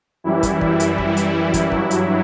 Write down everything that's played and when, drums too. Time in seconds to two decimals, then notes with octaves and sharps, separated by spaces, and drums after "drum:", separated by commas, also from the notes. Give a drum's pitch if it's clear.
0.24 F#2 E3 G3 E4
0.43 drum: kick, hi-hat
0.61 drum: kick
0.80 drum: hi-hat
0.98 drum: kick
1.17 drum: hi-hat
1.54 drum: kick, hi-hat
1.72 G2 F#3, drum: kick
1.91 drum: hi-hat